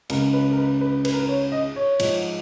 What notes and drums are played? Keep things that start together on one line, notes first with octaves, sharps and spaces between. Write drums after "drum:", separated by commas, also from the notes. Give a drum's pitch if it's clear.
C#2 C#3 G#3 A#4, drum: cymbal
B4
A#4
B4
B4
B4, drum: cymbal
A#4
B4
C#5
D#5
C#5
G#2 F3 G#3, drum: cymbal